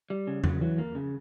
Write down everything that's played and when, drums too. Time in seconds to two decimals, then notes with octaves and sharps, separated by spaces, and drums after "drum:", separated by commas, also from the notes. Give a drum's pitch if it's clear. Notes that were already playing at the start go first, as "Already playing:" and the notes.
0.10 G3
0.27 C#3
0.44 F#3, drum: tom E2
0.61 E3 F#3
0.78 A#3
0.95 C#3